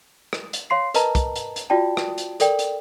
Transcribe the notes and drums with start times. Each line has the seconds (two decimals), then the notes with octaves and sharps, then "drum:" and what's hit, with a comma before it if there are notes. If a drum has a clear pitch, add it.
0.33 drum: rim click
0.53 drum: hi-hat
0.70 C#5 F5 C6 C7
0.94 A#4 B4 D#5 A5 A#5, drum: hi-hat
1.15 drum: kick, hi-hat
1.36 drum: hi-hat
1.56 drum: hi-hat
1.70 F4 F#4 D5 G5 A5
1.97 drum: rim click
2.18 drum: hi-hat
2.40 A4 A#4 D5 G5, drum: hi-hat
2.59 drum: hi-hat